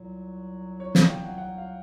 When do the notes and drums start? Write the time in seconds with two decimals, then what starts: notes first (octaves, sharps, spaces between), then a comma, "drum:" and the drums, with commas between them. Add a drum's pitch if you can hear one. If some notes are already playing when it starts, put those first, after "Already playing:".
Already playing: C2 A#2 F#3
0.80 C#5
0.95 F5, drum: snare
1.09 G5
1.24 F#5
1.38 F#5
1.58 F5